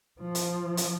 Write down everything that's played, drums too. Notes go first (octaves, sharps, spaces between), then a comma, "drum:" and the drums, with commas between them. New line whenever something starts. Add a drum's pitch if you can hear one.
F3
drum: hi-hat
drum: hi-hat